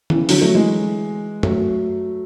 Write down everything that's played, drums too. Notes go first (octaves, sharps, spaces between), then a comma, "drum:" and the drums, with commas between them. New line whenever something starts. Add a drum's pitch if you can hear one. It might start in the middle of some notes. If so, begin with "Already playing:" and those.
C#3 E3, drum: tom D#3
D3 F#3, drum: open hi-hat
F#3 A3
E3 G#3
F#3 A3, drum: tom F#2